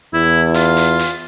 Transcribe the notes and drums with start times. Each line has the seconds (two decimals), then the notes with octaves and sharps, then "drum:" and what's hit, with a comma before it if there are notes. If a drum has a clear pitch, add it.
0.14 E2 E4
0.54 F4, drum: hi-hat
0.77 drum: hi-hat
0.99 drum: hi-hat